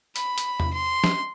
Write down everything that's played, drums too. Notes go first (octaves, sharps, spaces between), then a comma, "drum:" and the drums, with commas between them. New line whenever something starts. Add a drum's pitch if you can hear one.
B5, drum: hi-hat
drum: hi-hat
drum: tom E2
C6
drum: snare